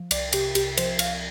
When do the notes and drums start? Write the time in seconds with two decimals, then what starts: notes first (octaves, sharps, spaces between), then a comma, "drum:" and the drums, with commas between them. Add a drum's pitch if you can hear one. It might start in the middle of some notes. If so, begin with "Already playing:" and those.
Already playing: F3
0.11 C2 D5, drum: cymbal
0.33 C3 G4, drum: cymbal
0.55 C2 G4, drum: cymbal
0.77 F3 C5, drum: cymbal
0.99 C2 F5, drum: cymbal